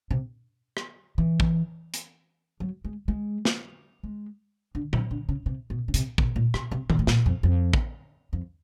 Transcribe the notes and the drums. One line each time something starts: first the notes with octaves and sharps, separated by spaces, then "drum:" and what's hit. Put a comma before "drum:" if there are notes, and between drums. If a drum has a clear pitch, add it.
C3
drum: rim click
E3
drum: kick
drum: hi-hat
F#3
G#3
G#3
drum: snare
G#3
D3
D3, drum: tom A#2
D3
C#3
C3
B2
C#3
C3, drum: hi-hat
B2, drum: kick
A#2
B2, drum: rim click
C3
B2, drum: tom D#3
A2
A#2, drum: snare
F2
F2
drum: kick
F2